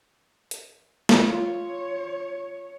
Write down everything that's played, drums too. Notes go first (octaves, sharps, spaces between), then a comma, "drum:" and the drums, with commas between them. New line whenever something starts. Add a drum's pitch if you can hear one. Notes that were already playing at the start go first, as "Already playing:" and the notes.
drum: hi-hat
drum: snare
F4 C#5